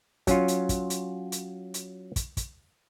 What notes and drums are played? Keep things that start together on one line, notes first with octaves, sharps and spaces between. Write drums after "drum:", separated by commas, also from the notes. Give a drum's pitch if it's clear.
F#3 C#4 F4, drum: kick, hi-hat
drum: hi-hat
drum: kick, hi-hat
drum: hi-hat
drum: hi-hat
drum: hi-hat
drum: kick, hi-hat
drum: kick, hi-hat